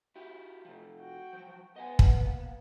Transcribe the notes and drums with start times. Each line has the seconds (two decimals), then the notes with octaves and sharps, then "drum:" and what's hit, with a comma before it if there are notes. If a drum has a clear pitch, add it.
0.16 E4 F#4 G4
0.65 C3 F3
1.00 F#4 G5
1.33 F3 F#3
1.76 B3 D#5 F#5 G#5
1.99 drum: kick
2.24 A#3